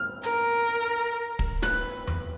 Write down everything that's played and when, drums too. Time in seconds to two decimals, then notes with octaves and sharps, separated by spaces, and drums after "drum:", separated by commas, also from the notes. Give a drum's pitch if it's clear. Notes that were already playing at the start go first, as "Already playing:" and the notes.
Already playing: F6
0.23 A#4, drum: hi-hat
1.39 drum: kick
1.62 B4 F#6, drum: snare
2.07 drum: tom E2